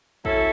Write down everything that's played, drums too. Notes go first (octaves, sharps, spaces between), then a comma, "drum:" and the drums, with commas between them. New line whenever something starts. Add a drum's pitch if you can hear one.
F#3 C#4 E4 A4, drum: kick